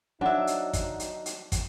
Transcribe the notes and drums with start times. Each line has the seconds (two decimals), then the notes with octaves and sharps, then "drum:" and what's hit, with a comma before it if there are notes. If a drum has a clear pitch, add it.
0.21 F#3 D4 D#4 C5 E5 F#5 G#5
0.47 drum: hi-hat
0.73 drum: kick, hi-hat
1.00 drum: hi-hat
1.26 drum: hi-hat
1.52 drum: kick, hi-hat